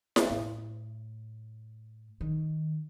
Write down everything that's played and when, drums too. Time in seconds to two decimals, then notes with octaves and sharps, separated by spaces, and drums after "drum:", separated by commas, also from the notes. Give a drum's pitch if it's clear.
0.16 drum: snare E4
0.29 A2
2.21 D#3